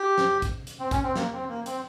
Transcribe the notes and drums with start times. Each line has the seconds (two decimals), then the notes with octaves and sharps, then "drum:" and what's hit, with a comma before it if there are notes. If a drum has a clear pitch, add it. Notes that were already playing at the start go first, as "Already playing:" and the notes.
Already playing: G4
0.18 drum: snare
0.42 drum: kick, hi-hat
0.67 drum: hi-hat
0.80 C4
0.91 C#4, drum: kick, hi-hat
1.04 C4
1.16 A#3, drum: snare
1.33 C4
1.49 A#3
1.66 C4, drum: hi-hat